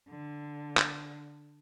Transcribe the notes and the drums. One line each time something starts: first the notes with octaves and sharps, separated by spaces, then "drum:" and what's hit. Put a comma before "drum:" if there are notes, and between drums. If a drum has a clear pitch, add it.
D3
drum: clap